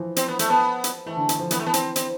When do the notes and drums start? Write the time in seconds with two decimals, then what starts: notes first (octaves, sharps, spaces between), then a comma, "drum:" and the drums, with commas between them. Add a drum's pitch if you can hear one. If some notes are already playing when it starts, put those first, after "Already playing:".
Already playing: E3 F3
0.16 C4, drum: hi-hat
0.28 B3
0.39 A3, drum: hi-hat
0.50 B3
0.84 drum: hi-hat
1.06 E3 A3
1.17 D3
1.29 E3, drum: hi-hat
1.39 F3
1.51 E3 B3, drum: hi-hat
1.60 A3
1.67 B3
1.74 C4, drum: hi-hat
1.96 C4, drum: hi-hat